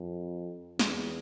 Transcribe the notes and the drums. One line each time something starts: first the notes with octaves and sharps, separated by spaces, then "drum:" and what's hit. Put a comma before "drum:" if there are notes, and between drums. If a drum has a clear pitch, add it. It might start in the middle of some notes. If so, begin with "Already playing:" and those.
Already playing: F2
E2, drum: snare